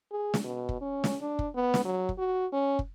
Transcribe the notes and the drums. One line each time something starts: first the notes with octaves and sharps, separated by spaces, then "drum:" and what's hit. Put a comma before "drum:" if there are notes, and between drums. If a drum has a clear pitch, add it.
G#4
drum: snare
B2
drum: kick
C#4
drum: snare
D4
drum: kick
B3
drum: snare
F#3
drum: kick
F#4
C#4
drum: kick